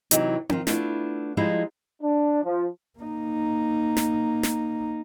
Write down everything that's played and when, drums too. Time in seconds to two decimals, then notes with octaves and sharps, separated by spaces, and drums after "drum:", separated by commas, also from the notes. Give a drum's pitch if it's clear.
0.11 C3 E3 F#3 D#4, drum: hi-hat
0.49 D#3 F4, drum: tom C4
0.67 A3 B3 D4 E4 F4, drum: snare
1.37 F3 G3 G#3 D#4 E4
2.02 D4
2.43 F3
2.99 A#3 D#4
3.97 drum: snare
4.43 drum: snare